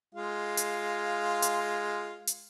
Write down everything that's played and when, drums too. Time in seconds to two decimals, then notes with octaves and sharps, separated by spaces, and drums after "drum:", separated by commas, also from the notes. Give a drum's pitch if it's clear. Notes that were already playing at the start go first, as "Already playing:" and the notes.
0.15 G#3 F4 F5
0.57 drum: hi-hat
1.42 drum: hi-hat
2.27 drum: hi-hat